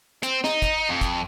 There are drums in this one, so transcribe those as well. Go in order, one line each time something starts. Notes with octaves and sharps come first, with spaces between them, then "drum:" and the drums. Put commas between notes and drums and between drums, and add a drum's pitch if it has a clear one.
C4, drum: hi-hat
D#4, drum: snare
drum: kick, hi-hat
F2
drum: kick, hi-hat